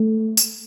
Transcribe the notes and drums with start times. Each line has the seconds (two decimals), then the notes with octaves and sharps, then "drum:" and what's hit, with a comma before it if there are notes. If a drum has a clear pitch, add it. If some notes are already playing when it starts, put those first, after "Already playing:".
Already playing: A3
0.37 drum: tambourine